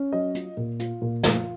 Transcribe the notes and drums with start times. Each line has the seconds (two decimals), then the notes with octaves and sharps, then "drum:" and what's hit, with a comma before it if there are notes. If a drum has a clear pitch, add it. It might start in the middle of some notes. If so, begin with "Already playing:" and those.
Already playing: C#4
0.13 F#3 D#5
0.35 F4, drum: hi-hat
0.57 A#2
0.79 F4, drum: hi-hat
1.02 A#2
1.23 F4, drum: snare